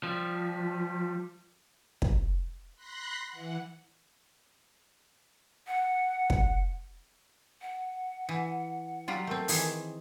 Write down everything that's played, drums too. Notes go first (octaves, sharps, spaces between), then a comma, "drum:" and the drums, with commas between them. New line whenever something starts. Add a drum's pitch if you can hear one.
F3 G3
drum: kick
B5 C6 F#6 A#6 C7
E3 F#5
F#5
drum: kick
F#5
E3
F#3 G3 F4
A3 C4 A#4
D#3 E3 G#4, drum: open hi-hat